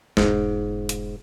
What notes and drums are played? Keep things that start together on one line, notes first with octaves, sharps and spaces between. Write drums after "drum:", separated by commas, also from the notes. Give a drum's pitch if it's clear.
E1 G#2 F4, drum: snare
drum: hi-hat